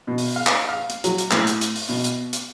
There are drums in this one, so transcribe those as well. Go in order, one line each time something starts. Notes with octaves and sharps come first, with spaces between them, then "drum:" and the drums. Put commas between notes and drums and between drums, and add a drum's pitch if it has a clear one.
B2
drum: open hi-hat
F5
drum: clap
F5
drum: hi-hat
F#3, drum: hi-hat
drum: hi-hat
A2, drum: clap
drum: hi-hat
drum: hi-hat
drum: open hi-hat
B2, drum: open hi-hat
drum: hi-hat
drum: hi-hat